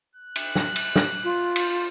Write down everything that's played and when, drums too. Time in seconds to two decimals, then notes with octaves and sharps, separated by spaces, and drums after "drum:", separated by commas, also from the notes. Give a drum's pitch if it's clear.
0.15 F#6
0.35 drum: cymbal
0.56 drum: snare
0.76 drum: cymbal
0.96 drum: snare
1.24 F4
1.56 drum: cymbal